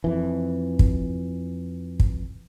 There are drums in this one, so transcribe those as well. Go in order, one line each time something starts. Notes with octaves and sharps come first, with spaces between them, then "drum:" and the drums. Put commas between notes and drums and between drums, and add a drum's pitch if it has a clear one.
F2 E3
drum: kick
drum: kick